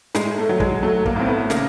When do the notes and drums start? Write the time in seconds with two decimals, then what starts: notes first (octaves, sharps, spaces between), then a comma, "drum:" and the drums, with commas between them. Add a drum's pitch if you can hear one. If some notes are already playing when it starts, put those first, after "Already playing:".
0.15 A2 G#3, drum: snare
0.38 A3
0.49 F#3
0.60 G#3, drum: kick
0.83 F#3 A3
1.06 A#3, drum: kick
1.16 A2 C4
1.27 B3
1.50 C#3 A#3, drum: snare